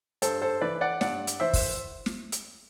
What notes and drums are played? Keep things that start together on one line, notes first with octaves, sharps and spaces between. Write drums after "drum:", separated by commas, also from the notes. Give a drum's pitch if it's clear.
G2 A4 C5, drum: hi-hat
A4 C5
E3 B4 D5
D5 F#5
G2 D5 F#5, drum: snare
drum: hi-hat
E3 C5 E5
drum: kick, open hi-hat
drum: snare
drum: hi-hat